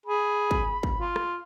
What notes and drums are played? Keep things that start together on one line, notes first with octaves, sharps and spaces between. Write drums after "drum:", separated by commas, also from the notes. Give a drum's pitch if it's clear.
G#4 B5
drum: kick
drum: kick
F4
drum: rim click